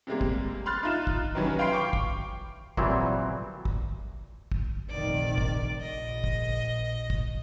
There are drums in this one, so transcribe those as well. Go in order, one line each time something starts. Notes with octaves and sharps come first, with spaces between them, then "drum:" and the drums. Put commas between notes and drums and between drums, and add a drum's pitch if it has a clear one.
C3 G3 G#3 A#3
drum: kick
B5 C6 F6 F#6 A6
D#4 F4 E7
drum: kick
D#3 E3 F#3 C#4 G4 B4
F5 G5 B5 C6 C7 D7
G5 C#6 D6
drum: kick
A#2 E3 F#3 G3 C4, drum: kick
drum: kick
drum: kick
F1 A#1 D#3 D5
drum: kick
A#1 D#5
drum: kick
drum: kick